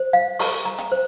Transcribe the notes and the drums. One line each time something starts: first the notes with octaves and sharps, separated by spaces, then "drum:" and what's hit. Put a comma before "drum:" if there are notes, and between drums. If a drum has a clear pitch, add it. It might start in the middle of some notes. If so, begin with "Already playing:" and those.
Already playing: C5
F5
C#6, drum: open hi-hat
A#5
drum: hi-hat
C5